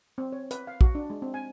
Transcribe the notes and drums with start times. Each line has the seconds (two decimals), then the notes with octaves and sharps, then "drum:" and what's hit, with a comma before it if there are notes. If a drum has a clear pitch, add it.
0.18 C4
0.32 C#5
0.51 B4, drum: hi-hat
0.67 F5
0.81 F#4, drum: kick
0.95 D4
1.10 G#3
1.22 C4
1.34 G#5